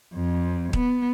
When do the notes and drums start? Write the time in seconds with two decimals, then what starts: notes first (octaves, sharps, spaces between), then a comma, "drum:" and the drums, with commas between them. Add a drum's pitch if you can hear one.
0.13 F2
0.73 B3, drum: kick D#1